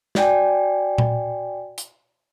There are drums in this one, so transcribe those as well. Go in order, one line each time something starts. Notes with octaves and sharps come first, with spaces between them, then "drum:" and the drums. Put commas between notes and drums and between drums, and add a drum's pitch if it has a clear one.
F#4 D5 G5 G#5, drum: snare
drum: tom A#2
drum: hi-hat